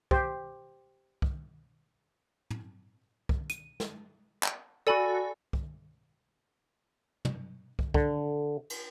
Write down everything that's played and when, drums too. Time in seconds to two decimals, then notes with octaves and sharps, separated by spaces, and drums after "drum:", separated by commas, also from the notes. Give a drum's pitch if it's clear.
0.11 G4 C5, drum: kick
1.22 drum: kick
2.50 drum: tom
3.29 drum: kick
3.50 D#7, drum: hi-hat
3.80 drum: snare
4.43 drum: clap
4.87 F#4 A4 D5 G#5 B5
5.53 drum: kick
7.25 drum: tom
7.79 drum: kick
7.94 D3, drum: kick
8.70 drum: cymbal